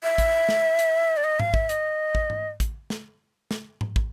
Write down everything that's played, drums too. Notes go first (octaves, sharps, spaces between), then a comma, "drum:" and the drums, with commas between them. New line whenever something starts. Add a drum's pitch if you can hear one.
E5
drum: kick, hi-hat
drum: snare
drum: hi-hat
D5
D#5
F5, drum: tom G#2
E5, drum: kick
D#5, drum: hi-hat
drum: kick
drum: tom G#2
drum: kick, hi-hat
drum: snare
drum: snare
drum: tom G#2
drum: kick